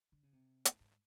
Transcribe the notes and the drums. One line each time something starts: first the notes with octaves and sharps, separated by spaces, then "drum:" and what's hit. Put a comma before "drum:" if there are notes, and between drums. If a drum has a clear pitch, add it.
D3
C#3
C3
A2, drum: hi-hat
G#2